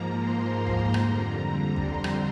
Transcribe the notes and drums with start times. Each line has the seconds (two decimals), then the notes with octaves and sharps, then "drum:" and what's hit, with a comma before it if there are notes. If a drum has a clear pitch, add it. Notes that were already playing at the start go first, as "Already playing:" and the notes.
Already playing: G#2 F3 A#3 A#5
0.12 C6
0.67 drum: kick
0.94 F2 D3 G3 A#5, drum: rim click
1.76 C6, drum: kick
2.04 drum: rim click